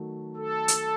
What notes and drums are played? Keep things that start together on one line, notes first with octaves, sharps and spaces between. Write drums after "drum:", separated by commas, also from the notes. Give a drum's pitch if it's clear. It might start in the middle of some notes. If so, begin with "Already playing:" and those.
Already playing: D#3 F#3 A3
A4
drum: hi-hat